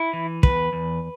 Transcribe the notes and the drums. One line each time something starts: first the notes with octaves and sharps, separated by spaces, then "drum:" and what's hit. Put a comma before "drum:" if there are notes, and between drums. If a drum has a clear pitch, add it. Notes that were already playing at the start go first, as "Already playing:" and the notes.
Already playing: E4
E3
E2 B4, drum: kick
E2